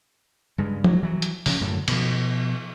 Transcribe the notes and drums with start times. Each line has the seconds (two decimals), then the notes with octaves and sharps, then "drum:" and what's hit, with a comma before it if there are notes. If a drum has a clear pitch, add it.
0.58 G2 C#3 G#3
0.84 F#3, drum: tom F3
1.03 E3 F#3
1.22 drum: hi-hat
1.46 C#3 F3 C#4, drum: open hi-hat
1.61 F#2 A2 D3
1.88 B2 F3, drum: cymbal